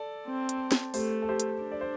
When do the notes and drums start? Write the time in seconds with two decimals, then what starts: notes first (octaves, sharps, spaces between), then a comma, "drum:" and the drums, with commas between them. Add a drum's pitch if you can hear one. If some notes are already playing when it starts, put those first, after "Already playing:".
Already playing: A4 D5
0.26 C4
0.49 drum: hi-hat
0.72 drum: snare
0.94 A3 G4 C5, drum: open hi-hat
1.22 A4
1.29 G4 C5
1.40 drum: hi-hat
1.62 D4
1.72 D5
1.81 C5